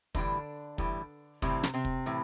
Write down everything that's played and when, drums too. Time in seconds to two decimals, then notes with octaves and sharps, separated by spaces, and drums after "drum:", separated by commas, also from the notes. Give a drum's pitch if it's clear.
0.15 A2 D3 E3 G3 D4, drum: kick
0.78 A2 E3 G3, drum: kick
1.42 A2 C3 E3 G3 C4, drum: kick
1.63 drum: snare
1.74 C3 C4
1.85 drum: kick
2.06 A2 E3